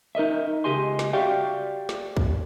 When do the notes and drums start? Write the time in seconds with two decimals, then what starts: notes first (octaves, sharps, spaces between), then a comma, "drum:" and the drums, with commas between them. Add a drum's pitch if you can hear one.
0.15 D#4 A#4 D#5 E5
0.64 C#2 G4 D#5 G#5 C6
0.99 drum: snare
1.13 F#4 G4 D5 E5 F5 G5
1.89 drum: snare
2.17 drum: kick